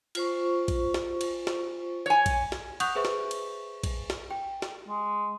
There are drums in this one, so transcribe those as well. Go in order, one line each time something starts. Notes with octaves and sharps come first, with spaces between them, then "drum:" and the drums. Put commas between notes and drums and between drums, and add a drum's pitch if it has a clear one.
F4 C5 C#6, drum: cymbal
drum: kick A#1, cymbal
drum: snare
drum: cymbal
drum: snare
C#5 G#5
drum: kick A#1, cymbal
drum: snare
F#5 C#6 D#6 F#6 G6 F7, drum: cymbal
G#4 B4 C5 E5 C#6
drum: snare
drum: cymbal
drum: kick A#1, cymbal
drum: snare
G5
drum: snare
G#3